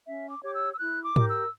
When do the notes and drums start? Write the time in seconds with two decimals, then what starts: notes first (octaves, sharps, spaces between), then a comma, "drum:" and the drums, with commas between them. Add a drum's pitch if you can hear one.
0.06 C#4 E5
0.30 D6
0.42 G4 C#5 D6
0.55 E6
0.73 E6
0.79 E4 F#6
1.04 D6
1.16 G4 A#4, drum: tom G#2
1.28 E6